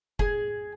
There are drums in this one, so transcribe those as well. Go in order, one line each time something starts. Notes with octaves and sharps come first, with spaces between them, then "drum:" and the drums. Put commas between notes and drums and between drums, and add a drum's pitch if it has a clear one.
G#4, drum: kick F1